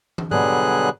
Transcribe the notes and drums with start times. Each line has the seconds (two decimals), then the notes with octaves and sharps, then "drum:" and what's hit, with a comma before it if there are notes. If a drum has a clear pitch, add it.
0.18 drum: tom
0.31 B2 D3 F#3 G3 G#4 F#6, drum: tom G#2